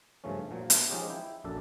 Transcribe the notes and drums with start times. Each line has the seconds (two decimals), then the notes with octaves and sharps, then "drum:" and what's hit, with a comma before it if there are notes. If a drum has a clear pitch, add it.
0.24 G2 C#3 F3 A3 C#4
0.51 A#2 F3 F#3
0.70 B3, drum: hi-hat
0.89 F3 G#3 C#4 D#4 F4 G4
1.10 E4 G5
1.44 A#1 F#2 D4 A4 A5